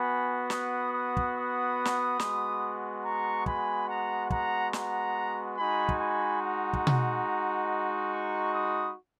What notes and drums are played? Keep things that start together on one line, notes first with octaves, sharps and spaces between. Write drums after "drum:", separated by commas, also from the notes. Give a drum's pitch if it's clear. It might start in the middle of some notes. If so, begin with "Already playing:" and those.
Already playing: B3 F#4 G#5 B5
B5 D#6, drum: snare
B5 D#6
drum: kick
B5 D#6
drum: snare
G#3 B3 F#4, drum: snare
A#5 C#6
G#5 B5, drum: kick
F#5 A#5
F#5 A#5, drum: kick
F#5 A#5, drum: snare
G#3 D#4 F#4 G#5 B5
drum: kick
G#5 B5
F#5 A#5
drum: kick
drum: tom B2
A#5 C#6
B5 D#6